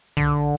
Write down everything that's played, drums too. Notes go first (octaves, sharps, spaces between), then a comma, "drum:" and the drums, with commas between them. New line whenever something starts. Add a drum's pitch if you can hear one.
D3, drum: tom